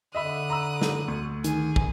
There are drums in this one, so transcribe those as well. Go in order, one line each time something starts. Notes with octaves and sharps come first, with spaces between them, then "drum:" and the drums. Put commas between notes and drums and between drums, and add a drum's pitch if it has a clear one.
D3 D#5 E5 B5 D#6 F#6
A#5 B5 E6
drum: snare
D2 C#6
D#3 G#4, drum: hi-hat
drum: kick